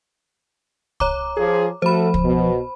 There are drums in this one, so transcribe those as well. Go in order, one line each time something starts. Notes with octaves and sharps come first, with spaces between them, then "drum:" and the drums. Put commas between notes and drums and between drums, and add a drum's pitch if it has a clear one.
C#5 A#5 D6, drum: kick
F3 G#4
F3 A3 F#4 A4 C5 B5
drum: kick
B2